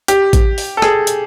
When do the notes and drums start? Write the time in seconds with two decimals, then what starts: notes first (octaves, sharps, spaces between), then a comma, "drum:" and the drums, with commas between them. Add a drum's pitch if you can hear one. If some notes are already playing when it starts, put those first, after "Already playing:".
0.08 G4, drum: hi-hat
0.33 drum: kick A1, hi-hat
0.58 drum: open hi-hat
0.77 A4
0.82 G#4, drum: rim click
1.07 drum: hi-hat